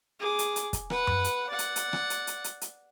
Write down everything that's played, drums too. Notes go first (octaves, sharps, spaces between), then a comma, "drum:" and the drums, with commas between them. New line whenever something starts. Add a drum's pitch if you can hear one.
G#4 D6
drum: hi-hat
drum: hi-hat
drum: kick, hi-hat
B4 F#5, drum: rim click
drum: tom F#2
drum: hi-hat
D5 F#5
drum: hi-hat
drum: hi-hat
drum: rim click
drum: hi-hat
drum: hi-hat
drum: hi-hat
drum: hi-hat